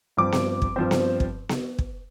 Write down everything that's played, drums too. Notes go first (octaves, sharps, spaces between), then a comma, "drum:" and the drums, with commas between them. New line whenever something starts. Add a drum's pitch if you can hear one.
G2 F3 C4 D6
drum: snare B3
drum: kick
G2 F3 C4
drum: snare B3
drum: kick
drum: snare B3
drum: kick